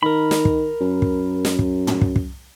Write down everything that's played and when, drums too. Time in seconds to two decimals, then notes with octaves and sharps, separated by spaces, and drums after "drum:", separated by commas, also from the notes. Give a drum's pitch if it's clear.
0.03 D#3 A#4 B5
0.31 drum: snare
0.45 drum: kick
0.81 F#2
1.02 drum: kick
1.45 drum: snare
1.59 drum: kick
1.87 drum: tom
2.01 drum: kick
2.16 drum: kick